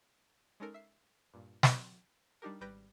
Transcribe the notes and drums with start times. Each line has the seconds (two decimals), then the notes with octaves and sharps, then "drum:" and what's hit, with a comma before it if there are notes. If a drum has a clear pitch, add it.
0.60 G#3 C#4 D#4 A4 A#4
0.74 E5 C7
1.34 G2 A#2
1.63 D5, drum: snare
2.42 G3 D4 D#4 G4 A#4
2.61 G#1 G3 B4 G6 A#6 D7